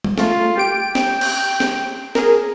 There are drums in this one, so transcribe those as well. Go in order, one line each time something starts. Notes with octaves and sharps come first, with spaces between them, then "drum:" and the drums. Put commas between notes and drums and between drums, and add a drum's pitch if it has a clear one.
drum: tom G3
A3 F4, drum: snare
G4 G5 D7
drum: snare
drum: cymbal
drum: snare
G#4 A#4, drum: snare